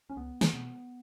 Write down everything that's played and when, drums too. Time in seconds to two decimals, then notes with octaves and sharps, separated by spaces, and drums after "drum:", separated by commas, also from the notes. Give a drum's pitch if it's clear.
0.10 C#4
0.16 C#2 B3
0.41 drum: snare
0.53 B2 B3